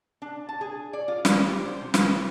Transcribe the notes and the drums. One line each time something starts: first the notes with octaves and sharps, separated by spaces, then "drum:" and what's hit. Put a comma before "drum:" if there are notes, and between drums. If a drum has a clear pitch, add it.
D4
A5
G#4
D5
F4
F4, drum: snare
G4
C5
C3
drum: snare
B4